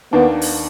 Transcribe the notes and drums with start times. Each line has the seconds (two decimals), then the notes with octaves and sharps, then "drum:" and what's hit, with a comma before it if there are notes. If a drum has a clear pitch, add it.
0.12 D#2 D#3 A#3 B3 D4
0.42 drum: open hi-hat